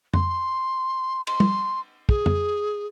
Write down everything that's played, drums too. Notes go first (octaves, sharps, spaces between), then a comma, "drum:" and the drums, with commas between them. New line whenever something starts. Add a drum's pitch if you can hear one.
C6, drum: tom F2
C6, drum: cymbal
drum: tom
G#4, drum: kick
drum: tom F2